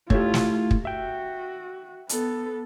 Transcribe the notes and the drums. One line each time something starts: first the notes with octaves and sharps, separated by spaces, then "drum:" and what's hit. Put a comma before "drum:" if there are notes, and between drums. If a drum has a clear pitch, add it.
A3 E4 F4 G4 A4 C#5, drum: kick
drum: snare
drum: kick
F#4 E5 G5
B3 A4, drum: hi-hat